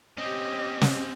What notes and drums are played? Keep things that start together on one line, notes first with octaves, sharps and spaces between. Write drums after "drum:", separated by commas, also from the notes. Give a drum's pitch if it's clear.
C4 C#4 G4 D#5
drum: snare